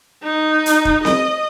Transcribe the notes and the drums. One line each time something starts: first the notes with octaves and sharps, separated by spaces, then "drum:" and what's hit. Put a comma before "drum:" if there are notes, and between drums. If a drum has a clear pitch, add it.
D#4
drum: hi-hat
drum: kick F1
D#5, drum: snare C4